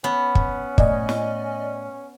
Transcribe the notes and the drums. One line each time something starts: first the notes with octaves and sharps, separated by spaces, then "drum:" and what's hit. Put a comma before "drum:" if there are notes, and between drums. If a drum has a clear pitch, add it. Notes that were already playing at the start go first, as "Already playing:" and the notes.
B3 C#4
drum: kick
A2 D5 D#5 G#5, drum: kick
drum: snare